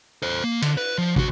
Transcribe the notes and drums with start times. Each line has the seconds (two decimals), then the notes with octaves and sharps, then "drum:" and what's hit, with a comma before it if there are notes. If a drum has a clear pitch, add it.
0.22 A4 C5
0.44 A#3
0.62 D3, drum: cymbal
0.77 B4
0.98 F3
1.16 D2 F#4, drum: kick